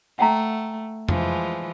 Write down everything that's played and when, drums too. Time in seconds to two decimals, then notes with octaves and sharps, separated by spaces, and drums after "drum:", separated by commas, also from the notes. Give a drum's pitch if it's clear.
0.19 A3 F#5 G5 A#5
1.09 E3 F3 G#3, drum: tom F2